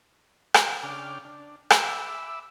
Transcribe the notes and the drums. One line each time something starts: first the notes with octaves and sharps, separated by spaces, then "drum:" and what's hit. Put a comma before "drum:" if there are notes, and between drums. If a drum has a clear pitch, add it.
drum: rim click
C#3 D4 G5 D6 F6
D4
E5 B5 D6 E6, drum: rim click